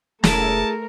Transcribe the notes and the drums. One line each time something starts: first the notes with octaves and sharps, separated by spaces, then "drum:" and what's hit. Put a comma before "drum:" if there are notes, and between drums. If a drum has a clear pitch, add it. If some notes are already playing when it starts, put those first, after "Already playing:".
E1 A3 E4 G#4 A#4 A5, drum: snare